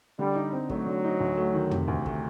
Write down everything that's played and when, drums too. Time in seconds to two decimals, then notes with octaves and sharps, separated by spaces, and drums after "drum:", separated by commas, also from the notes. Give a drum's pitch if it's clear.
0.19 D3 G3
0.35 D#4
0.52 C4
0.70 F#3 A3, drum: kick
0.86 D3
1.04 D#4
1.20 D2
1.37 A3
1.54 D#3
1.71 C3, drum: tom
1.88 D2
2.06 A3, drum: kick